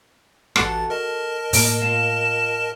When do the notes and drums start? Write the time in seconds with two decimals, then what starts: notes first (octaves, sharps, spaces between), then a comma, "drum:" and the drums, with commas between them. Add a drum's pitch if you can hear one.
0.56 A1 F#4 A4 A6, drum: rim click
0.90 A#4 D#5 A5
1.53 A2 A#3, drum: open hi-hat
1.82 F4 E7